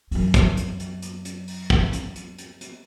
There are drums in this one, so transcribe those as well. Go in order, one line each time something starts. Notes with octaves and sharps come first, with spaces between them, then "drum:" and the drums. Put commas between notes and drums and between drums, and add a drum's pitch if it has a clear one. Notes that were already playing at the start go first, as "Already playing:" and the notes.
F#2 F#3, drum: open hi-hat
drum: kick, hi-hat
drum: hi-hat
drum: hi-hat
drum: hi-hat
drum: hi-hat
drum: open hi-hat
drum: kick
drum: hi-hat
drum: hi-hat
drum: hi-hat
drum: hi-hat